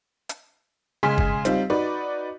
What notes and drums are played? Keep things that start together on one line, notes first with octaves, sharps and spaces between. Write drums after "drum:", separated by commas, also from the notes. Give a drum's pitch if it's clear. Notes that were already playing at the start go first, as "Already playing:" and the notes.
drum: hi-hat
C#3 G#3 G#4 G#5 C6 B6
drum: kick
G3 C4 D#4 F4, drum: hi-hat
D#4 F#4 B4 D5